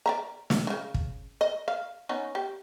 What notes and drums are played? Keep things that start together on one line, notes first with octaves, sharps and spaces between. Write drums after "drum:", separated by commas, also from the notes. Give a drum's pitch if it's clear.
D5 E5 A#5
drum: snare
C#3 E3
drum: kick
D#5
F5
B3 C#4 D#4
G4